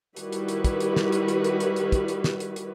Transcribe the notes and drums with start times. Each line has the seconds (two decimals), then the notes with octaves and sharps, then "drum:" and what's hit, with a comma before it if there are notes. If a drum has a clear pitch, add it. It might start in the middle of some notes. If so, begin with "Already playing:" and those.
0.16 D#3 G3 E4 F#4 B4, drum: hi-hat
0.32 drum: hi-hat
0.48 drum: hi-hat
0.64 drum: kick, hi-hat
0.80 drum: hi-hat
0.96 drum: snare
1.12 drum: hi-hat
1.28 drum: hi-hat
1.44 drum: hi-hat
1.60 drum: hi-hat
1.76 drum: hi-hat
1.92 drum: kick, hi-hat
2.08 drum: hi-hat
2.24 drum: snare
2.40 drum: hi-hat
2.56 drum: hi-hat